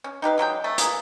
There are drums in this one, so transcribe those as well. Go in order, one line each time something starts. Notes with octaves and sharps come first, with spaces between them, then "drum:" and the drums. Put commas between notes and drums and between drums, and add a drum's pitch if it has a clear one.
C#4
D#4 G4 B4 F5
D3 F#3 G#3 G5
A3
E3 A#3 G#4, drum: hi-hat